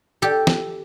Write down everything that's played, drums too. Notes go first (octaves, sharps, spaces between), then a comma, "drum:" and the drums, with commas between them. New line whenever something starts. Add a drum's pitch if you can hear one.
G4 A4
drum: snare